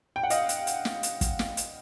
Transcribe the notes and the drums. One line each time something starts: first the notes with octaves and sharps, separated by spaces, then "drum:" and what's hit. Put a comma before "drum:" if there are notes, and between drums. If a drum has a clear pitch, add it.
G5
F#5
D#5 F5, drum: hi-hat
drum: hi-hat
drum: hi-hat
drum: snare
drum: hi-hat
drum: kick, hi-hat
drum: snare
drum: hi-hat